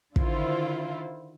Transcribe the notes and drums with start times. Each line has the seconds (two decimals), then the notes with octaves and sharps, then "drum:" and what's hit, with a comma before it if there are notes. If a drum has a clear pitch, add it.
0.16 D3 D#3 E4 F4 C5, drum: kick